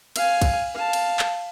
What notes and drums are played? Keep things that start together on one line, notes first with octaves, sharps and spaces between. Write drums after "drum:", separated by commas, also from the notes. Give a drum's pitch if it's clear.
F5 G#5, drum: cymbal
drum: kick, cymbal
F5 A5
drum: cymbal
drum: clap